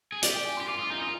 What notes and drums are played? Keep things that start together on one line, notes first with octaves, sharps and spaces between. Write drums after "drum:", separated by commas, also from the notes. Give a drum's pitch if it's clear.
G#4
G4 D5, drum: hi-hat
G5
G#5
C6
G4
F4 D6
F4 D#6
D#4 G6
F4 D#6